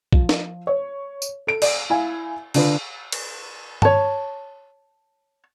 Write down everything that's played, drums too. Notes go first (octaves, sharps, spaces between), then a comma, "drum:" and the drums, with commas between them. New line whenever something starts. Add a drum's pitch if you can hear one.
F3, drum: kick B1
drum: snare
C#5
drum: tambourine
A4 D7
D5, drum: cymbal
E4 F5 G#5
D3 D4 F4 B4, drum: cymbal
drum: cymbal
C#5 A5, drum: tom G2